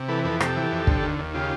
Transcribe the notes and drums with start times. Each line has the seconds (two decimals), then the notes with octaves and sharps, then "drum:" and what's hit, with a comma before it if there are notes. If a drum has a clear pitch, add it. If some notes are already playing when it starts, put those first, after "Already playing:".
Already playing: C3
0.08 E3 A4 B4
0.24 F2 A4 B4
0.40 C3 G4 A4, drum: rim click
0.57 E3
0.72 F2
0.87 D3, drum: kick
1.03 D#2
1.19 D#2
1.34 C#3 F4 G4